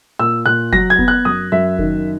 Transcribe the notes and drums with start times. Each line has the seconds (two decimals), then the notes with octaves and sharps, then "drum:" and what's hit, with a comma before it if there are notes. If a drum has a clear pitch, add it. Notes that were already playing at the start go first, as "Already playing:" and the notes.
0.19 A#2 E6
0.46 A#2 F#6
0.73 F#3 A#6, drum: kick F#1
0.90 G#6
0.99 B3, drum: kick F#1
1.08 F#6
1.25 F#2 D#6
1.52 F#2 E5
1.79 D#3, drum: kick F#1